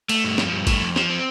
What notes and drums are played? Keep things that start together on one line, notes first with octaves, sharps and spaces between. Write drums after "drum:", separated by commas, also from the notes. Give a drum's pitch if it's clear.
A3, drum: cymbal
G2
F3, drum: snare
G2
A3, drum: kick G1, cymbal
F2
F3, drum: snare
C4